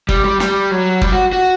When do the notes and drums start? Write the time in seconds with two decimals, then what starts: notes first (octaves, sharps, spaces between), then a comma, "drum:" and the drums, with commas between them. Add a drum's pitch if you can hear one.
0.09 G3, drum: kick
0.24 G3
0.40 G3, drum: snare
0.71 F#3
1.01 G3, drum: kick
1.13 F#4
1.33 F#4